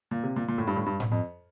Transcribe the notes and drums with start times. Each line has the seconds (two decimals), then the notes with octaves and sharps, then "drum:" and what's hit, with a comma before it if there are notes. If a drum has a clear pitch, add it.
0.11 A#2
0.23 C3
0.36 A#2
0.48 A#2
0.58 A2
0.67 G2
0.76 A2
0.86 G2
1.00 drum: tom A2
1.12 F2